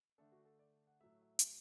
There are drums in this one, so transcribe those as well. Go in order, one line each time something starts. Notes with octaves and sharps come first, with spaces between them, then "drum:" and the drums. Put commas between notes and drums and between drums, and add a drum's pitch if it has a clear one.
D3 A3 D4 A4
F#4
A4
D5
F#5
A2 F#3 A3 E5
E5
drum: hi-hat